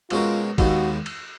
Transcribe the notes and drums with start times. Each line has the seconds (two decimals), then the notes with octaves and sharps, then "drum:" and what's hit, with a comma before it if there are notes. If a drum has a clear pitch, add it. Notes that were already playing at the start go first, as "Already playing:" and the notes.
0.10 B2 G#3 C#4 F4 F#4 A#4, drum: cymbal
0.58 D#2 D#3 G#3 B3 F#4, drum: kick, cymbal
1.06 drum: cymbal